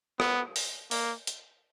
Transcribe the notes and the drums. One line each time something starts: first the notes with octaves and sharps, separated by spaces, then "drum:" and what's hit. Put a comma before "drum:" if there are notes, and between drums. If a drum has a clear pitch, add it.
B3, drum: rim click
drum: open hi-hat
A#3, drum: open hi-hat
drum: hi-hat